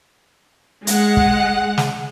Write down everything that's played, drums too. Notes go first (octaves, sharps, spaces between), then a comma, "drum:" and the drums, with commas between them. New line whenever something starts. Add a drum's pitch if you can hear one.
G#3 F#5, drum: hi-hat
drum: kick
drum: snare